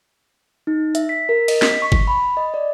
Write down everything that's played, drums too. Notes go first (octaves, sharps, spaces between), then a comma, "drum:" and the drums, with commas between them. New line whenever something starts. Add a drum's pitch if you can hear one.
D#4
E5, drum: hi-hat
B6
A#4
D#5, drum: cymbal
B6, drum: snare
C#6
drum: kick G1
B5
D#5
D5